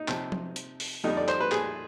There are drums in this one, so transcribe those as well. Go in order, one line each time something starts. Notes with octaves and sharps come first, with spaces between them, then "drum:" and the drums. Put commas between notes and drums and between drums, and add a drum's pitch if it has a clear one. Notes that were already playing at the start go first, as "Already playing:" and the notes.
Already playing: D#4
C3 F3 C4, drum: clap
drum: tom F3
drum: hi-hat
drum: open hi-hat
F2 D3 G3 D#4
D5
C5, drum: clap
B4
G#4, drum: clap